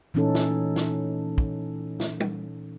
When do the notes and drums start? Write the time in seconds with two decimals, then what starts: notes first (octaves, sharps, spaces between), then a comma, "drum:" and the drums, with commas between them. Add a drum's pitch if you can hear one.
0.14 A#2 E3 A3 C#4 D#4 A4
0.35 drum: snare
0.76 drum: snare
1.38 drum: kick
2.00 drum: snare
2.20 drum: tom G3